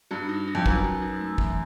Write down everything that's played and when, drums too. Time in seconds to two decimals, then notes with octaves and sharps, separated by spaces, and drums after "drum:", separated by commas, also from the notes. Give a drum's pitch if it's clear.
0.11 G2 F#4
0.29 D#4
0.48 D#4
0.55 F2
0.66 F#2 B4, drum: kick
0.84 F#4
1.02 D#4
1.21 A3
1.38 E3, drum: kick